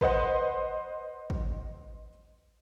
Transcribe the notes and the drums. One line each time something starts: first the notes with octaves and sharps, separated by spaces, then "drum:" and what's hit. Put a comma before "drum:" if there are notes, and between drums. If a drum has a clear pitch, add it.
B4 C5 D#5 F#5, drum: kick
drum: kick